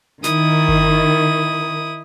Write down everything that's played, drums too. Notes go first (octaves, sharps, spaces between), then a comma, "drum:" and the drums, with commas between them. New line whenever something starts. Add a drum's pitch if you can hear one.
D#3 E4 D#6, drum: snare
drum: kick G1